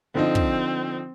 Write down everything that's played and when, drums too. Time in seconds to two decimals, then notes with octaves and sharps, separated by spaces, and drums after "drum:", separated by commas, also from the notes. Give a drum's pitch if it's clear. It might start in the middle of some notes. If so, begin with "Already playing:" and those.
0.15 D3 F3 C4 D#4
0.35 drum: kick